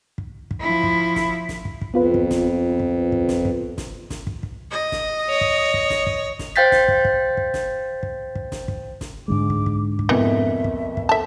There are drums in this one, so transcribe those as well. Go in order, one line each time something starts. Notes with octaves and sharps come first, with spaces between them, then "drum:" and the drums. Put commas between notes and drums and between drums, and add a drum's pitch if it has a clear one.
drum: kick
drum: kick
F3 E4
drum: kick
drum: snare
drum: snare
drum: kick
drum: kick
F2 B3 F4 B4
drum: kick
drum: snare
drum: kick
drum: kick
drum: snare
drum: kick
drum: snare
drum: snare
drum: kick
drum: kick
D#5
drum: snare
C#5
drum: kick
drum: kick
drum: snare
drum: kick
drum: snare
C5 F5 G5 G6 A6 B6
drum: snare
drum: kick
drum: kick
drum: kick
drum: snare
drum: kick
drum: kick
drum: snare
drum: kick
drum: snare
G#2 D3 G#3 D6
drum: kick
drum: kick
drum: kick
F2 B2 E3 A#3 E5
drum: kick
drum: kick
A4 E5 A5